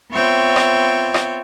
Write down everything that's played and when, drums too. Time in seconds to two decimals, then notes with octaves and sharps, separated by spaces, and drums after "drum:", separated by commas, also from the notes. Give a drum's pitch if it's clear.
0.12 B3 C4 F4 C#5 E5 G5
0.56 drum: rim click
1.14 drum: rim click